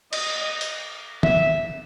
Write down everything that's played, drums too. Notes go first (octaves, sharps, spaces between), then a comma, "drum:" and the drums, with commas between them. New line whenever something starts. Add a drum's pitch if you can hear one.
D#5, drum: cymbal
drum: hi-hat
E5, drum: tom